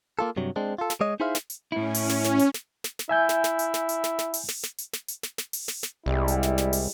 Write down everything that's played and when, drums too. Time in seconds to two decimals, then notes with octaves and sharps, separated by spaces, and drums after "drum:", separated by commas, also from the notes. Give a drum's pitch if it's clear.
0.19 A#3 F4 A4
0.37 G2 C3 F#3
0.56 G#3 C4 D4
0.78 F4 A4
0.90 drum: snare
1.01 G#3 C#5 D#5
1.20 D#4 E4 G#4 C5 E5 F5
1.35 drum: snare
1.50 drum: hi-hat
1.72 A2 C#4 E4
1.94 drum: open hi-hat
2.09 drum: snare
2.24 drum: snare
2.39 drum: hi-hat
2.54 drum: snare
2.84 drum: snare
2.99 drum: snare
3.09 E4 E5 G#5 G6
3.29 drum: snare
3.44 drum: snare
3.59 drum: hi-hat
3.74 drum: snare
3.89 drum: hi-hat
4.04 drum: snare
4.19 drum: snare
4.34 drum: open hi-hat
4.49 drum: snare
4.63 drum: snare
4.78 drum: hi-hat
4.93 drum: snare
5.08 drum: hi-hat
5.23 drum: snare
5.38 drum: snare
5.53 drum: open hi-hat
5.68 drum: snare
5.83 drum: snare
6.06 C2 G3 G#3 E4
6.28 drum: hi-hat
6.43 drum: snare
6.58 drum: snare
6.73 drum: open hi-hat